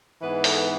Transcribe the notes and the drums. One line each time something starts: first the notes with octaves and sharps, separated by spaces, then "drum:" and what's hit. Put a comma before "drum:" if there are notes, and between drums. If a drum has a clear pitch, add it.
G#2 E3 B3 B4
A4, drum: open hi-hat